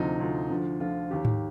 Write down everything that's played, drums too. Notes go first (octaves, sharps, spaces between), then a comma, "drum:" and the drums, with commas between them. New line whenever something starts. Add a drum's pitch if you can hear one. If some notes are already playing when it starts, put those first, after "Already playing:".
Already playing: D2 C3 F3 D#4
D2 C3 F3
D2 D3 F3
D2 D3 F3 F4
D#2 D#3 G4
drum: tom G#2